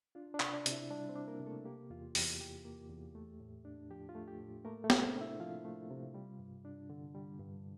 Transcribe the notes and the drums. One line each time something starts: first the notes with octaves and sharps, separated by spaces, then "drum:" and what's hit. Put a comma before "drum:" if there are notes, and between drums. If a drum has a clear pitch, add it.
D4 F4
D4 D5
C3, drum: clap
D4 D5
C3, drum: hi-hat
E4 E5
G3 D4 D5
C4 C5
D4
A#3 A#4
C3
A3 A4
A#3 G4
E2 F4
E2 G4, drum: open hi-hat
E3 G4
A#3
E2
A3
A2
D4
F3 G4
F4
A3
G4
A2
A3 A#3 A#4
A3 A4
C3, drum: snare
C4 C5
D4
E4 E5
F3 F4 F5
A3
C3
G3
G2
D4
D3
G3
G2